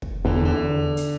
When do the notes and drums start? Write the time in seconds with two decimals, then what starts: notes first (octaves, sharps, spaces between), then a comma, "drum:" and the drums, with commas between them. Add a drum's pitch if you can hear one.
0.02 drum: kick
0.25 E2 D3
0.45 D3
0.97 drum: hi-hat